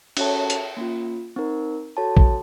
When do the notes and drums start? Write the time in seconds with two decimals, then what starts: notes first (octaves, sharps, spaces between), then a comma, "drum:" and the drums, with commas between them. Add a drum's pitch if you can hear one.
0.17 C#4 F#4 A4 C#5 A5, drum: cymbal
0.50 drum: hi-hat
0.77 A#3 C#4 F4
1.36 C4 D#4 A#4
1.97 F#4 A4 C#5 A5
2.17 drum: kick